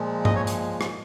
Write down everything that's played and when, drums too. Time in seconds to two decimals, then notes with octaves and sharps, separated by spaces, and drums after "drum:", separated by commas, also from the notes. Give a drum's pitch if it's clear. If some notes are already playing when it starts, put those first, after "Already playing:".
Already playing: A#2 F3 G#3
0.25 D#5, drum: tom G2
0.36 C#5
0.47 drum: hi-hat
0.81 drum: rim click